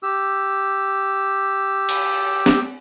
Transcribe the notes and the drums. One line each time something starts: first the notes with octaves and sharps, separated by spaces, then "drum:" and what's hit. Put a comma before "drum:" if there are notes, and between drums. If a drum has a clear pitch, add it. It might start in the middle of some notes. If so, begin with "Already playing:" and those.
G4 E6
drum: cymbal
drum: snare